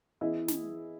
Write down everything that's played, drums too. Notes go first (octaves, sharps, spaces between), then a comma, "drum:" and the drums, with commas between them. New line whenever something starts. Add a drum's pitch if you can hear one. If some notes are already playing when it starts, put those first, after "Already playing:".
E3 B3 E4 G#4 D#5
drum: snare